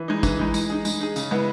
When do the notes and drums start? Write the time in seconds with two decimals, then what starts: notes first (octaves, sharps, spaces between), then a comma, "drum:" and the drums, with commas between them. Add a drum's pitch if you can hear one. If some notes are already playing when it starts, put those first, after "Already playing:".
Already playing: E3
0.08 G#3 D#4
0.23 E3, drum: kick, tambourine
0.39 G#3 D#4
0.54 G#3, drum: tambourine
0.70 D#4 G#4
0.85 G#3, drum: tambourine
1.01 D#4 G#4
1.16 C#3, drum: tambourine
1.31 G#3 B3 E4